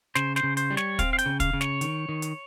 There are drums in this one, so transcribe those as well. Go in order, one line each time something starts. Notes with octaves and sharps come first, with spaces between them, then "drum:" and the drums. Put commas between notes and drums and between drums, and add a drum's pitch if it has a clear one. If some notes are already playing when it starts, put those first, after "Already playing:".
C#3 C5, drum: snare
C5, drum: snare
C#3
C5, drum: hi-hat
G3
C#5, drum: snare
C4 F5, drum: kick, hi-hat
F5
G5, drum: hi-hat
C#3
F5, drum: kick, hi-hat
C#3
C#5, drum: snare
D#3, drum: hi-hat
D#3
drum: hi-hat